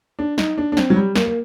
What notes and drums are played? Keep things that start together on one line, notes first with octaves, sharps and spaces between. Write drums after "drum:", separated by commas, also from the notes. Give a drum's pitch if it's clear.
D4
D#4, drum: snare
D4
D4
C4, drum: snare
F#3
G3
A#3, drum: snare
A#3